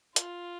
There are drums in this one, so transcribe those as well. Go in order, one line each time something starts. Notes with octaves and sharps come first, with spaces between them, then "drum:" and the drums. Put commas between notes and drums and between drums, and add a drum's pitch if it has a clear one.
F4, drum: hi-hat